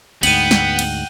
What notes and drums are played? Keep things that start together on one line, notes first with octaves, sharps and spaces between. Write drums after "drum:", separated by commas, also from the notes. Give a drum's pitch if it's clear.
D2 G#2 B3 F#5 G5 D#7 F#7, drum: cymbal
drum: snare
drum: cymbal